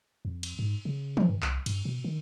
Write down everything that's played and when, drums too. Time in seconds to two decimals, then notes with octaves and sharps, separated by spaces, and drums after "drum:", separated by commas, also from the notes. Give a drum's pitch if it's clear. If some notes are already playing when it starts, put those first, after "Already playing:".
0.25 F2
0.43 drum: cymbal
0.59 G#2
0.85 C#3
1.17 drum: tom
1.29 G2
1.42 C2, drum: clap
1.66 G2, drum: cymbal
1.85 B2
2.04 D#3